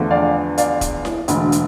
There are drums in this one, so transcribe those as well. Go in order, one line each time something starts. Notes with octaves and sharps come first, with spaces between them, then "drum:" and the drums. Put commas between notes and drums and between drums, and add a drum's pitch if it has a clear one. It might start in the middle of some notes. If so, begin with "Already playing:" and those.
Already playing: E2 D3 F3 A3
D5 F5
D5 F5, drum: hi-hat
drum: kick E1, hi-hat
drum: snare E4
E1 D2 D3, drum: hi-hat
drum: hi-hat